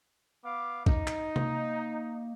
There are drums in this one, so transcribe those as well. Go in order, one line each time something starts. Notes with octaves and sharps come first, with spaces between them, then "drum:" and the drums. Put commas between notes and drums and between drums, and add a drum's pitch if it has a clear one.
B3 F5 D6
D#4, drum: kick
drum: clap
A#3, drum: tom C3